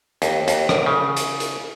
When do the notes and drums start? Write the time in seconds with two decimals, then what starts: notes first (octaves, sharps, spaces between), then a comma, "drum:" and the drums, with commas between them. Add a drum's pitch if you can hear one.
0.22 D#2, drum: hi-hat
0.48 D#2, drum: hi-hat
0.69 drum: rim click
0.86 C#3
1.17 drum: hi-hat
1.40 drum: hi-hat